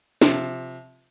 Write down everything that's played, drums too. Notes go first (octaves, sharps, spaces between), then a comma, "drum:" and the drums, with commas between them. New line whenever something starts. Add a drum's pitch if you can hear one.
C3 F3, drum: snare